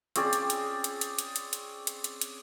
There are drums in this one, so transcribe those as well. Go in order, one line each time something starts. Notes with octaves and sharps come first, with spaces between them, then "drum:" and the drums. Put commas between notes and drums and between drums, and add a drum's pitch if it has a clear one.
C4 C#4 G#4 D5, drum: hi-hat
drum: hi-hat
drum: hi-hat
drum: hi-hat
drum: hi-hat
drum: hi-hat
drum: hi-hat
drum: hi-hat
drum: hi-hat
drum: hi-hat
drum: hi-hat